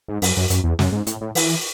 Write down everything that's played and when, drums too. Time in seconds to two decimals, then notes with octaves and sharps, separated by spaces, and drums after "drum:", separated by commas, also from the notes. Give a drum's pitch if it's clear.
0.08 G#2
0.22 F#2, drum: open hi-hat
0.37 F#2
0.50 F#2, drum: hi-hat
0.64 E2
0.79 F#2, drum: snare
0.92 G#2
1.07 A2, drum: hi-hat
1.21 A2
1.35 E3, drum: open hi-hat